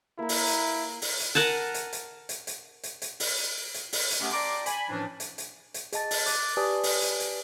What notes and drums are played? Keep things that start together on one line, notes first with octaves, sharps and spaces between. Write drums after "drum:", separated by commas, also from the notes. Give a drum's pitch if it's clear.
A#3 E4 A#4
drum: open hi-hat
drum: hi-hat
drum: open hi-hat
drum: hi-hat
A#4 F#5 G#5 A5, drum: hi-hat
drum: hi-hat
drum: hi-hat
drum: hi-hat
drum: hi-hat
drum: hi-hat
drum: hi-hat
drum: open hi-hat
drum: hi-hat
drum: open hi-hat
drum: hi-hat
C3 A3 B3 C#4
D5 G5 A5 A#5 C6 D6
G#5 B5, drum: hi-hat
A2 E3 F3 C#4 D4
drum: hi-hat
drum: hi-hat
drum: hi-hat
G#4 D#5 A5 A6, drum: hi-hat
drum: open hi-hat
D6 F#6 A6, drum: hi-hat
G4 B4 D5 G#5 A5 D#6
drum: open hi-hat
drum: hi-hat
drum: hi-hat